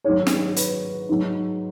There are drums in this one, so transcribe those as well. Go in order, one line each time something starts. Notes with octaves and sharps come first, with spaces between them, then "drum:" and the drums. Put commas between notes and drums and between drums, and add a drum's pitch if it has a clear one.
G#2 D#3 F#3 C#5
drum: snare
B4, drum: hi-hat
G#2 F#3